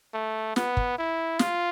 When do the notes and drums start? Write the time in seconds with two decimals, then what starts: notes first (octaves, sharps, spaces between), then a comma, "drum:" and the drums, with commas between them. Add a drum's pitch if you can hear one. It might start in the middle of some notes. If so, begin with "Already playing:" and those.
0.14 A3
0.56 B3, drum: snare
0.77 drum: kick
0.98 E4
1.39 F4, drum: snare